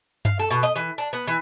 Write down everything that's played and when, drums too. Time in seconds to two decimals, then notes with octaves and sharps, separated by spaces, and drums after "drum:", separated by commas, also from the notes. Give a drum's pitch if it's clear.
0.25 F5, drum: tom G2
0.39 A4
0.51 B2
0.63 D#5
0.76 E3
0.98 D4, drum: hi-hat
1.13 B3
1.27 E3